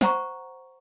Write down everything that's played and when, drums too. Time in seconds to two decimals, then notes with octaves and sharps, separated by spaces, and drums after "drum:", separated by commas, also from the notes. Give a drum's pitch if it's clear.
0.01 C5 F#5 A#5 C#6, drum: snare